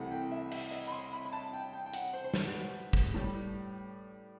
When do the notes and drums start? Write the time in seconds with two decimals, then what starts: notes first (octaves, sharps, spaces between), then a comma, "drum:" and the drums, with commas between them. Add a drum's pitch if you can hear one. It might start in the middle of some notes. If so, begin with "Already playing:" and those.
Already playing: C2 C3 E3 A3 F#5
0.11 G5
0.32 E5
0.51 E5, drum: cymbal
0.71 D#5
0.87 B5
0.92 C6
1.13 B5
1.25 B5
1.33 A5
1.53 G5
1.73 G5
1.86 G5
1.93 F#5, drum: hi-hat
2.13 C5
2.24 C5
2.34 B4, drum: snare
2.93 drum: kick
3.14 A2 G3